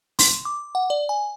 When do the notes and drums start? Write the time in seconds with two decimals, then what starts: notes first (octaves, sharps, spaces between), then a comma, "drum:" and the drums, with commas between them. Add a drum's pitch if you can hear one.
0.19 C6, drum: open hi-hat
0.45 D6
0.75 F#5
0.90 D5
1.09 G#5